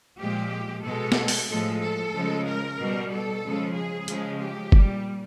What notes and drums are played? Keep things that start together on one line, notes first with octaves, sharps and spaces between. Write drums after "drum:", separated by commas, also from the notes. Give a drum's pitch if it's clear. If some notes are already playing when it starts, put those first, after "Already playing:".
A#2 F3 G#3 G4
B2 G#3 A4
drum: snare
drum: open hi-hat
A2 F3 G#3 A4
A4
C#3 F3 G#3
A#4
B2 G3
A4
C#3 F3 G#3
G#4
C#3 F3 G#3, drum: hi-hat
G4
A#2 G3, drum: kick F#1